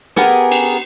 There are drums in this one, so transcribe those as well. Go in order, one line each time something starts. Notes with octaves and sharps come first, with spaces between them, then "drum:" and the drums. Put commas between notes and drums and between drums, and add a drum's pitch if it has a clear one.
B3 G4 G#4 A#4, drum: snare
drum: cymbal